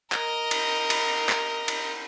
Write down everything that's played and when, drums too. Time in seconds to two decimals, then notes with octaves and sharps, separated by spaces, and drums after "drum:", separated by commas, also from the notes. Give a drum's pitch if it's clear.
0.12 A#4 D#5, drum: clap
0.51 drum: cymbal
0.90 drum: cymbal
1.29 drum: clap
1.68 drum: cymbal